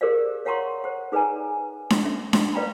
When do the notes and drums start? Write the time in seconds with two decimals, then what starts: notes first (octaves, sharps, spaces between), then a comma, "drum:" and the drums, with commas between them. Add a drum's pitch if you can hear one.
0.01 G4 G#4 A#4 C5 D5 F5
0.45 C#5 F5 F#5 A#5 C6 C#6
0.84 C5 F#5
1.12 D#4 G#4 B4 D5 G#5 A#5
1.90 drum: snare D4
2.03 C#4 E5
2.33 drum: snare D4
2.54 B4 D5 F5 G5 A#5 B5